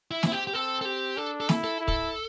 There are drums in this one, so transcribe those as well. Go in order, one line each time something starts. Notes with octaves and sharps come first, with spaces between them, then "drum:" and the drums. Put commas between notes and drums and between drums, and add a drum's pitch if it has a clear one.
E4
C4 E4, drum: snare
G4
G4
C4 A4
A4
G4
D4 A4
A4
E4, drum: snare
A4
E4
A4, drum: kick